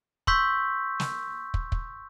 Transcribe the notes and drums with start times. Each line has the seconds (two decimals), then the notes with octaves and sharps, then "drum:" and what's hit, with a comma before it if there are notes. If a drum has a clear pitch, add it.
0.27 C6 C#6 E6 G6 B6, drum: kick
1.00 drum: snare
1.54 drum: kick
1.72 drum: kick